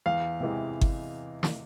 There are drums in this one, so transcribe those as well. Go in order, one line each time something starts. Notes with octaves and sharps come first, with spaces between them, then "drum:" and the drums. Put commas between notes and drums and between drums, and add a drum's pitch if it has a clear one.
E2 F5
C3 E3 G#3
drum: kick G1
drum: snare